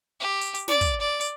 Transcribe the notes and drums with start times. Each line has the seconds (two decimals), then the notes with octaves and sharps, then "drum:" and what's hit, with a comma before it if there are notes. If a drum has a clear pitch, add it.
0.20 G4
0.41 drum: hi-hat
0.54 drum: hi-hat
0.68 D5, drum: snare
0.81 drum: kick, hi-hat
1.00 D5
1.21 drum: hi-hat